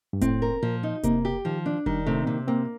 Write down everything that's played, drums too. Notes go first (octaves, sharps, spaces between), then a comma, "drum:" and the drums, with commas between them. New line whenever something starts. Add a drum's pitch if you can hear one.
G2
A2 C4, drum: kick F1, hi-hat
A#4
A#2 F3
D#4
C3 A#3, drum: kick F1, hi-hat
G4
D#3 F3
D4
D#3 G3, drum: kick F1
C3 A3
C4
C3 A#3
A#3 C4